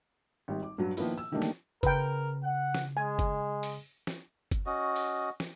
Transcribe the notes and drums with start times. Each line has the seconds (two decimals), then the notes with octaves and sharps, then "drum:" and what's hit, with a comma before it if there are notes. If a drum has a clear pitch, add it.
0.48 G#1 G3
0.63 D6
0.78 G2 F#3
0.97 D#3 F3 A#3 B3 E4, drum: open hi-hat
1.18 E6
1.32 D3 D#3 G3 A3 A#3 D4
1.42 drum: snare
1.83 C#3 A#4 B4 G5, drum: kick, hi-hat
2.42 F#5
2.75 drum: snare
2.97 G#3 G#5
3.19 drum: kick, hi-hat
3.63 drum: open hi-hat
4.07 drum: snare
4.51 drum: kick, hi-hat
4.66 C#4 F#4 D#5
4.96 drum: open hi-hat
5.40 drum: snare